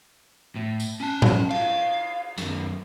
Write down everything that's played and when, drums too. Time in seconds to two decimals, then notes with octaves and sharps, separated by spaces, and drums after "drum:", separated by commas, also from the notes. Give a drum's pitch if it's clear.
0.56 A2
0.80 drum: tambourine
1.00 C#4 A5
1.22 drum: tom A2
1.51 F5, drum: cymbal
2.38 F#2 D#3, drum: hi-hat